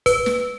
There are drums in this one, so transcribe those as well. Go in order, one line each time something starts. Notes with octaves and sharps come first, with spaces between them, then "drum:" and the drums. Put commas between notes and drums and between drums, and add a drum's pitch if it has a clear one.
B4, drum: kick, hi-hat
drum: snare